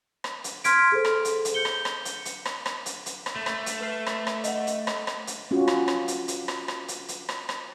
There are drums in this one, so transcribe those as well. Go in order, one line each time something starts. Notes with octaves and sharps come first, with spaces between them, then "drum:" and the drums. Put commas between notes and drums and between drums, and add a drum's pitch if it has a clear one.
drum: rim click
drum: hi-hat
C6 F6 G#6 B6 D7, drum: hi-hat
G#4 A4 C5
drum: rim click
drum: hi-hat
drum: hi-hat
G6 C#7 G7
drum: rim click
drum: rim click
drum: hi-hat
drum: hi-hat
drum: rim click
drum: rim click
drum: hi-hat
drum: hi-hat
drum: rim click
A3
drum: rim click
drum: hi-hat
B4 F6 C7
drum: rim click
drum: rim click
D#5 F#5, drum: hi-hat
drum: hi-hat
drum: rim click
drum: rim click
drum: hi-hat
C#4 F4 F#4
drum: rim click
drum: rim click
drum: hi-hat
drum: hi-hat
drum: rim click
drum: rim click
drum: hi-hat
drum: hi-hat
drum: rim click
drum: rim click